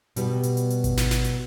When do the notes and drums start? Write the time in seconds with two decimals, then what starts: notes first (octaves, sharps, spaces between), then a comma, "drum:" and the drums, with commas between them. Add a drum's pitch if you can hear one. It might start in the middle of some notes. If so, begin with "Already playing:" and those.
0.16 B2 G3 B3, drum: hi-hat
0.43 drum: hi-hat
0.57 drum: hi-hat
0.70 drum: hi-hat
0.84 drum: kick G#1, hi-hat
0.97 drum: snare
1.11 drum: snare
1.24 drum: hi-hat